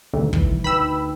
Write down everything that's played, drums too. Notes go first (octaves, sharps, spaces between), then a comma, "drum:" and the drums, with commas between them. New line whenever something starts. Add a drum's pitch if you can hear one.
D2 B2 D#3 G3
E3, drum: kick
D2 D#4 B4 G5 B5 E6